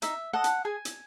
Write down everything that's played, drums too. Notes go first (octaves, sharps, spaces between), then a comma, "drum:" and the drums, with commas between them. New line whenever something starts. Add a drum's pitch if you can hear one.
D#4 E5, drum: hi-hat
A4 D#5 F#5
drum: hi-hat
G#4 G#5
drum: hi-hat